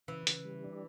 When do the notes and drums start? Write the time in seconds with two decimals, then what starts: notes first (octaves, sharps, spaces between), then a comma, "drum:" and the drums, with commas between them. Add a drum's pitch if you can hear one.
0.08 C#3 E3
0.27 C#3, drum: hi-hat
0.45 G3
0.64 D4